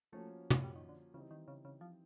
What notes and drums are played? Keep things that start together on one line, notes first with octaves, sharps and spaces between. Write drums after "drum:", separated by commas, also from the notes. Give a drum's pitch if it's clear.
F3 A3 A#3 C#4 F#4 A#4
drum: tom
G3
D#3
D3
C#3 E3 G3 C4 D#4
D#3
C#3
C#3
F3